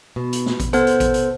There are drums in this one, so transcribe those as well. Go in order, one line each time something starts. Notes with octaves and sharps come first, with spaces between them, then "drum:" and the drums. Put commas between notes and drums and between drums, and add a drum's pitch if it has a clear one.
B2
drum: hi-hat
drum: snare
drum: kick A1, hi-hat
B3 A4 C5, drum: hi-hat
drum: hi-hat
drum: kick A1, hi-hat
drum: hi-hat